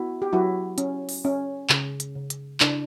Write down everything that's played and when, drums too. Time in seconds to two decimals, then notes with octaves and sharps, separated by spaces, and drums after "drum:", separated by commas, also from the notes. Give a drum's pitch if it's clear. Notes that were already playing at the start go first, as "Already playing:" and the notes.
Already playing: B3 E4 F#4
0.22 G4
0.33 F#3 E4 F#4
0.78 C#4, drum: hi-hat
1.09 drum: open hi-hat
1.24 C#4
1.70 C#3, drum: clap
2.00 drum: hi-hat
2.15 C#3
2.30 drum: hi-hat
2.60 C#3 D4 E4, drum: clap